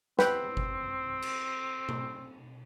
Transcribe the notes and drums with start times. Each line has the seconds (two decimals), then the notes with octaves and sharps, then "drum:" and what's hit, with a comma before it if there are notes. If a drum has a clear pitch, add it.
0.19 C4 B4 G5 B5, drum: snare
0.57 drum: kick G1
1.22 drum: cymbal
1.89 drum: tom B2